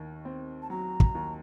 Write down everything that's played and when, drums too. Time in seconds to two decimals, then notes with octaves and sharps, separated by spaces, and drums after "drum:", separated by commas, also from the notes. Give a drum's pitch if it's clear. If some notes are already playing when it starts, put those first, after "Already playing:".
Already playing: D#2 D#3
0.25 C4
0.62 A5
0.70 F#3 A#5
1.00 drum: kick
1.15 D#2